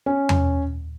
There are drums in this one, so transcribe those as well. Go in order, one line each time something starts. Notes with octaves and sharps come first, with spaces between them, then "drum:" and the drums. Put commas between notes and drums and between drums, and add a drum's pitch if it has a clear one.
C#4
drum: tom E2